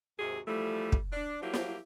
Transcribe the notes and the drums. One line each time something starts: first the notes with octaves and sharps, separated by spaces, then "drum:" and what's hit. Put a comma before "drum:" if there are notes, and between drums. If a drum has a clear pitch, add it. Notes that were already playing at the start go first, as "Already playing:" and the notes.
D#2 G#2 C3 F#4 G#4
E3 F3 G3 A3
drum: kick
D4
F3 F#3 A#3 E4 G4
drum: snare